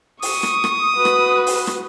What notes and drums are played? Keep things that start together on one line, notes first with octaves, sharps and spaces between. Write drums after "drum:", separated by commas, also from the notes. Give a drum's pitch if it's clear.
C#6 D#6, drum: open hi-hat
drum: rim click
drum: rim click
F#4 B4
drum: rim click
drum: open hi-hat
drum: rim click